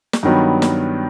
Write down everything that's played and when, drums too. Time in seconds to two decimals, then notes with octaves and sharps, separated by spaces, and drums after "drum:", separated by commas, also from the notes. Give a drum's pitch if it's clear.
0.13 drum: snare
0.23 G2 D#3 F#3 B3
0.62 drum: snare